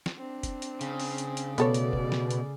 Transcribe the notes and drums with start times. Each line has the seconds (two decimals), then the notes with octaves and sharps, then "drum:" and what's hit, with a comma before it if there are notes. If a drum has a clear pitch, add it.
0.06 drum: snare
0.18 C4 D4
0.43 drum: kick F1, hi-hat
0.62 drum: hi-hat
0.81 C#3, drum: hi-hat
1.00 drum: open hi-hat
1.18 drum: hi-hat
1.37 drum: hi-hat
1.58 B2 A3 B3 A4 C#5 D5, drum: hi-hat
1.74 drum: hi-hat
1.93 drum: kick F1
2.12 drum: snare
2.31 drum: hi-hat